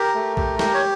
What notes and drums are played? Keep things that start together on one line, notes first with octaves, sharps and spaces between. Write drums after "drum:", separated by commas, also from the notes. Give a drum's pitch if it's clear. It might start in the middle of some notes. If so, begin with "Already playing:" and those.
Already playing: G4 A#4
A3
G4, drum: kick
G4, drum: snare
C#5